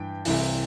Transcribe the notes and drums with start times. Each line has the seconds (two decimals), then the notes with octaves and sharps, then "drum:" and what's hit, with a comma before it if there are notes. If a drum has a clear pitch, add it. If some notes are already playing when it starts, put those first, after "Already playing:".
Already playing: G2 E3 G5
0.25 C2 C3 E3, drum: open hi-hat